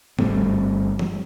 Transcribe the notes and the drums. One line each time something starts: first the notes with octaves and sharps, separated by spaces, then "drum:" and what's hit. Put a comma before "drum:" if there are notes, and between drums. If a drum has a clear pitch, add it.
G1 G3 A3 C4, drum: tom G#2
drum: tom E3